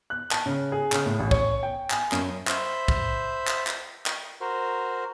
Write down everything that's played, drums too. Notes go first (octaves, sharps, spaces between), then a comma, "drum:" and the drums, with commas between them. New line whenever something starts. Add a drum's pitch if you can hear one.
F#6
A5, drum: clap
C#3
G#4
C#3, drum: clap
A2
A1
C#5, drum: kick
G5
G#5, drum: clap
F#2, drum: clap
C5 E5 B5 G6, drum: clap
drum: kick
drum: clap
drum: clap
drum: clap
F#4 A#4 C5